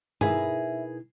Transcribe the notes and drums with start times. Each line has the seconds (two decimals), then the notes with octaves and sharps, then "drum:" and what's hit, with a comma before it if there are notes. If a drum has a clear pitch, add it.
0.21 B2 D#4 E4 G#4 A#4 B4 E5 G#5, drum: tom G2